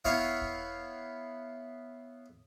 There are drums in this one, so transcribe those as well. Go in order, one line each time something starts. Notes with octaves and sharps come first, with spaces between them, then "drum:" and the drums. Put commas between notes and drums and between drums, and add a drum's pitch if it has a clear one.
B3 E4 C#5 E5 F5, drum: kick E1
drum: kick E1